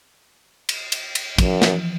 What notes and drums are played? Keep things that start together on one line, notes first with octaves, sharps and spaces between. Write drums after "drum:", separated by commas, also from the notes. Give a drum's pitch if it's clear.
drum: cymbal
drum: cymbal
drum: cymbal
F#2 E3 F3, drum: kick, cymbal
drum: snare